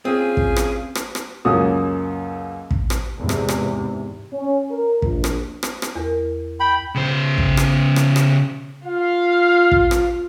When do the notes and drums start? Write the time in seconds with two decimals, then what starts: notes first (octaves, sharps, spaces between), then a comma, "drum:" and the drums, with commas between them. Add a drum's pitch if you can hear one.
0.05 C4 C#4 F4 G#4
0.37 drum: kick
0.56 drum: rim click
0.95 drum: rim click
1.15 drum: rim click
1.45 C#2 F#2 A#3 F#4 D#6
2.71 drum: kick
2.90 drum: rim click
3.17 E2 G#2 C3
3.29 drum: rim click
3.48 drum: rim click
4.33 C#4
4.70 A#4
5.02 A#1, drum: kick
5.24 drum: rim click
5.63 drum: rim click
5.82 drum: rim click
5.95 E2 A#4
6.60 G5 B5
6.95 C#3 C5
7.38 drum: kick
7.57 drum: rim click
7.96 drum: rim click
8.16 drum: rim click
8.86 F4 F5
9.72 drum: kick
9.91 drum: rim click